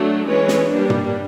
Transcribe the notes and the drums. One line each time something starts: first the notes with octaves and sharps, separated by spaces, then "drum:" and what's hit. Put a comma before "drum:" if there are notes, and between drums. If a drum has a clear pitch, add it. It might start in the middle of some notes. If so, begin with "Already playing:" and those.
Already playing: F#3 A3 D4
E3 G#3 C#4 B4 C#5
drum: snare
G3 A#3 D4
drum: tom